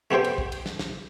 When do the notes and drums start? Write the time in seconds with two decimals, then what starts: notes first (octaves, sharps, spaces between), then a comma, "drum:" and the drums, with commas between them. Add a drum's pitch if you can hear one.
0.11 A3 B3 G4 C5 G5
0.24 drum: cymbal
0.38 drum: kick
0.52 drum: cymbal
0.66 drum: snare
0.79 drum: snare